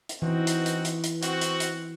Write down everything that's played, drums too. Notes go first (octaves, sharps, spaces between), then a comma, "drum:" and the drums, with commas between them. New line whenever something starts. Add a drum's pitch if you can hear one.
drum: hi-hat
E3 C4 D#4 F#4
drum: hi-hat
drum: hi-hat
drum: hi-hat
drum: hi-hat
C4 F#4, drum: hi-hat
drum: hi-hat
drum: hi-hat